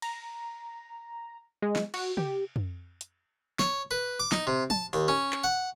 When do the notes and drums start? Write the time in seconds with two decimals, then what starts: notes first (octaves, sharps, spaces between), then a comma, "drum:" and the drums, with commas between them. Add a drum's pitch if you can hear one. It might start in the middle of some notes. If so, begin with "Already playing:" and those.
0.02 A#5, drum: cymbal
1.62 G#3
1.76 drum: snare
1.94 F#4, drum: cymbal
2.17 G4, drum: tom
2.56 drum: tom F2
3.01 drum: hi-hat
3.59 C#5, drum: snare
3.91 B4
4.20 D6
4.32 D#4, drum: snare
4.47 C3
4.70 A5, drum: tom
4.93 D#2, drum: open hi-hat
5.08 C#4
5.32 drum: clap
5.44 F#5